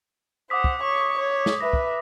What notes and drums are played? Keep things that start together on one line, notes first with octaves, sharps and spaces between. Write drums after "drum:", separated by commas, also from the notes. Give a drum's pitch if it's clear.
C5 F#5 D6 D#6 B6
drum: kick
C#5 C#6
C#5
drum: snare
B4 E5 A#6
drum: kick